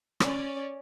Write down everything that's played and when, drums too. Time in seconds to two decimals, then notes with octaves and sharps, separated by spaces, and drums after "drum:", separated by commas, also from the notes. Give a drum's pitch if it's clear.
0.20 C#4 D5, drum: rim click